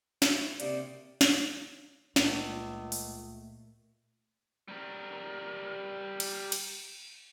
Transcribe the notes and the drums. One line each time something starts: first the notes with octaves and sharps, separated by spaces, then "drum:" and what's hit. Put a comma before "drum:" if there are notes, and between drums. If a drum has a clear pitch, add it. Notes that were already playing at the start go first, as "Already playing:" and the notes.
E4 F#4 C5, drum: snare
C3 A#3 D#4 D5, drum: hi-hat
drum: snare
C#2 A#2 A3, drum: snare
drum: open hi-hat
G3 A#4
drum: cymbal
drum: cymbal